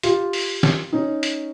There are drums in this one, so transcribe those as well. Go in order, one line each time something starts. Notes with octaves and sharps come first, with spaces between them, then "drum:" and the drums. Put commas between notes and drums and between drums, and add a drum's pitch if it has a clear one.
F4 G4, drum: hi-hat
drum: open hi-hat
drum: snare
C#4 D#4
drum: hi-hat